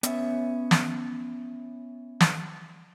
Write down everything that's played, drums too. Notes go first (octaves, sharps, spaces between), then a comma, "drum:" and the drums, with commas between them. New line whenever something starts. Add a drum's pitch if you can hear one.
B3 C#4 E5, drum: hi-hat
drum: snare
drum: snare